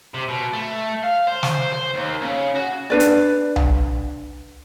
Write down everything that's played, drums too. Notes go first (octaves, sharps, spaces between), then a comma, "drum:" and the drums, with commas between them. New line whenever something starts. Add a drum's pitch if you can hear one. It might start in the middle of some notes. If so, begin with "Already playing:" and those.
C3
B2
A3
F5
C5
drum: snare
C5
D#2
C#3
F#4
D4 B4 D5
drum: hi-hat
drum: tom C2